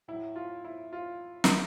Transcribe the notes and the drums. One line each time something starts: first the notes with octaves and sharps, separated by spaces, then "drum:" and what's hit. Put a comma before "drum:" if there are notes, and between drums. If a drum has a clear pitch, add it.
A2 F#3 E4
F4
E4
F4
drum: snare